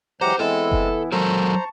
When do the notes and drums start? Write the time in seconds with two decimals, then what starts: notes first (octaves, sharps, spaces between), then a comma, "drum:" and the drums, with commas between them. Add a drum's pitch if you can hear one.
0.21 E3 F#3 G#3 G4 C5 F#5 A#5
0.39 E3 G#3 B3 C4 E4 A4
0.71 drum: kick F#1
1.12 F#3 A4 A#4 C5 A5 A#5 C#6